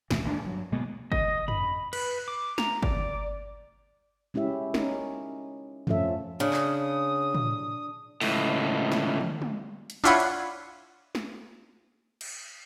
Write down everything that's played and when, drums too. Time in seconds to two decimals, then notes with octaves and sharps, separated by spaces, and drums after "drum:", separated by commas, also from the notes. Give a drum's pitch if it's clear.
0.11 D#2 B2 E3, drum: snare
0.24 G#1 G#2 A#3 D4
0.42 G2 F#3
0.72 B2 G#3 A#3 B3
1.12 D#5, drum: kick G1
1.48 B5, drum: tom
1.93 B4, drum: cymbal
2.28 D6
2.58 A#5, drum: snare
2.83 D5, drum: kick G1
4.34 G#3 C#4 E4 G4 E5
4.74 C#4 D#4 A#4, drum: snare
5.87 F3 A3 C#4 F4 A4 E5, drum: tom
6.40 C#3 D4 D#6
6.53 drum: clap
7.35 drum: tom
8.21 C#2 A2, drum: open hi-hat
8.92 drum: snare
9.21 drum: tom
9.42 drum: tom
9.90 drum: hi-hat
10.04 D4 E4 F4 C#5 F#5 B5
10.20 drum: cymbal
11.15 drum: snare
12.21 drum: cymbal